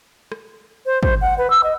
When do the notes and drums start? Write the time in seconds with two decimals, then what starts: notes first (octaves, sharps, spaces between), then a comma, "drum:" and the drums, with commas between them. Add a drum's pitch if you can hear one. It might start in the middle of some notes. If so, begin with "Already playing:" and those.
0.32 drum: rim click
0.86 C5
1.03 C5, drum: kick
1.21 F#5
1.38 B4
1.50 E6
1.64 D#5